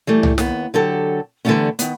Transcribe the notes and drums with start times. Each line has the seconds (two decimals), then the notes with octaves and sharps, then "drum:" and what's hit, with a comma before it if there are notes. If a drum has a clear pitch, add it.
0.07 E3 G3 A3
0.23 drum: tom C2
0.38 D#2 B3, drum: snare
0.74 D3 F#3 G4 A4
1.45 D3 E3 G3 A3 B3 C#4
1.79 D#3 B3, drum: hi-hat